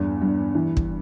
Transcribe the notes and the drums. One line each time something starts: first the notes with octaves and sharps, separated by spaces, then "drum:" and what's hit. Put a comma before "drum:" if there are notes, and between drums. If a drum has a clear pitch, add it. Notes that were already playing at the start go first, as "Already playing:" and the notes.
Already playing: E2 G2
G2
E3
drum: kick